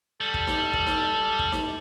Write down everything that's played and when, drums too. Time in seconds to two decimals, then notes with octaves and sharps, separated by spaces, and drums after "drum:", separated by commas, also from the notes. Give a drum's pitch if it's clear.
0.21 G3 A4
0.34 drum: kick
0.47 drum: snare D#4
0.73 drum: kick
0.87 drum: snare D#4
1.39 drum: kick
1.52 drum: snare D#4